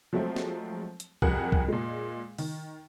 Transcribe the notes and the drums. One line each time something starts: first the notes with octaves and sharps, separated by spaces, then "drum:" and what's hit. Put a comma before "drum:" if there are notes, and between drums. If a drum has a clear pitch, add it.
F3 F#3 G#3 A3 C4
drum: snare
drum: hi-hat
C2 F2 G4 G#4 A#4 F#5, drum: kick C2
drum: kick C2
A#2 G#3
D#3, drum: open hi-hat